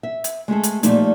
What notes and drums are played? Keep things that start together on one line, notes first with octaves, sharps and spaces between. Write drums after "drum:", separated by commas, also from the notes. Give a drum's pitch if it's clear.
E5
drum: hi-hat
G#3 A3 G#4 A4
drum: hi-hat
A#2 F3 G3 A3 D#4, drum: hi-hat